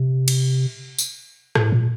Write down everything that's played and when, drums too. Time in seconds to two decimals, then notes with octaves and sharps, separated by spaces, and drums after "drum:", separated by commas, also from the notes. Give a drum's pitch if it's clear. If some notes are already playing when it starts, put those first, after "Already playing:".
Already playing: C3
0.28 drum: cymbal
0.98 drum: tambourine
1.55 A2, drum: rim click
1.72 A#2